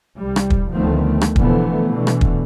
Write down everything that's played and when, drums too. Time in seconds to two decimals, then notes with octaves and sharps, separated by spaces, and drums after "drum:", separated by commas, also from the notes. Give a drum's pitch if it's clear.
0.19 C2 G3
0.36 drum: rim click
0.50 drum: kick
0.75 D2 D#3 F3 A3 B3 C4
1.21 drum: rim click
1.36 B2 D3 E3 F3 A3 B3, drum: kick
1.87 B2 D3 E3 A3
2.07 drum: rim click
2.21 drum: kick